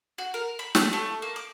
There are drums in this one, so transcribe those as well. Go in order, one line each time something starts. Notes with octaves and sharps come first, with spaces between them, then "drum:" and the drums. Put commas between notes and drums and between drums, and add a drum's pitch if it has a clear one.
F#4
A#4
B5
A3, drum: snare
A3
A#3
D6